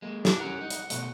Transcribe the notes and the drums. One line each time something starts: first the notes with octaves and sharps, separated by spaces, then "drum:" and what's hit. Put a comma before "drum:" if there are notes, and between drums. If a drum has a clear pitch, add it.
G#3 A#3
D4, drum: snare
C#4 A#4 F#5
D#4
drum: hi-hat
B2 A3, drum: hi-hat